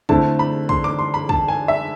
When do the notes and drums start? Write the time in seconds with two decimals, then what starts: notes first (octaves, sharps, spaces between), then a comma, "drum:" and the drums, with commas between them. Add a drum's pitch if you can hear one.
0.09 D3 A3 C4 E4 A5, drum: kick
0.39 B5
0.69 C6, drum: kick
0.84 D6
0.99 C6
1.14 B5
1.29 A5, drum: kick
1.48 G#5
1.68 E5